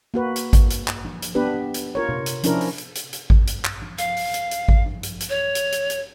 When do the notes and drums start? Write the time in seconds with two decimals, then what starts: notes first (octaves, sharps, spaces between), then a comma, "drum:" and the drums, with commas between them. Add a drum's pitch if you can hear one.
0.14 A#3 F#4 B4
0.36 drum: hi-hat
0.53 drum: kick G#1, hi-hat
0.70 drum: hi-hat
0.88 drum: clap
1.05 drum: tom F3
1.22 drum: hi-hat
1.35 B3 D4 G4 B4
1.74 drum: hi-hat
1.95 F4 A#4 C#5
2.09 drum: tom C3
2.26 drum: hi-hat
2.43 F3 C#4 D4 E4 A#4, drum: hi-hat
2.61 drum: open hi-hat
2.78 drum: hi-hat
2.95 drum: hi-hat
3.13 drum: hi-hat
3.30 drum: kick G#1
3.47 drum: hi-hat
3.65 drum: clap
3.82 drum: tom F3
3.98 F5, drum: hi-hat
4.17 drum: open hi-hat
4.34 drum: hi-hat
4.51 drum: hi-hat
4.68 drum: kick G#1
4.86 drum: tom F3
5.03 drum: hi-hat
5.20 drum: hi-hat
5.30 C#5
5.55 drum: hi-hat
5.72 drum: hi-hat
5.90 drum: hi-hat